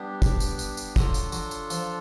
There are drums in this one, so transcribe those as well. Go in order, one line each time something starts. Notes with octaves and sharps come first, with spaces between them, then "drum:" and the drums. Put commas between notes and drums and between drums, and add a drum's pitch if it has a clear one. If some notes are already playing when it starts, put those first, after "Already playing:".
Already playing: G3 B3 D4 G4
drum: kick, tambourine
drum: tambourine
drum: tambourine
drum: tambourine
F#3 D4 F4 A4, drum: kick, tambourine
drum: tambourine
F#3, drum: tambourine
drum: tambourine
F3, drum: tambourine